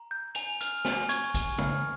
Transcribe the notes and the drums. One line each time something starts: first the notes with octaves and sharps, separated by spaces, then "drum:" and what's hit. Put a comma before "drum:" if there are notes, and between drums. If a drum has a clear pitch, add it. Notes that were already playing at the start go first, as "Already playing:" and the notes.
Already playing: A#5
G6
G#5 F7, drum: hi-hat
F6, drum: hi-hat
G#5, drum: snare
C#6 G#6, drum: hi-hat
G#5, drum: kick A#1, hi-hat
F6, drum: tom